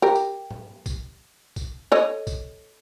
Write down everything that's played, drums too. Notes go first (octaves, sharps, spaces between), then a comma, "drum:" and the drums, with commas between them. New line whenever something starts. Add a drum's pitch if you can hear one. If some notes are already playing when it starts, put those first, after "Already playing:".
G4 A#4
drum: tambourine
drum: tom G#2
drum: kick, tambourine
drum: kick, tambourine
A4 C#5 D#5
drum: kick, tambourine